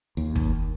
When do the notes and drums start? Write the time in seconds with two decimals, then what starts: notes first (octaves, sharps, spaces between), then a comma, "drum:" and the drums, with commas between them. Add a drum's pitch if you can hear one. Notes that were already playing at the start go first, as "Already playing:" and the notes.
0.17 D#2
0.35 drum: kick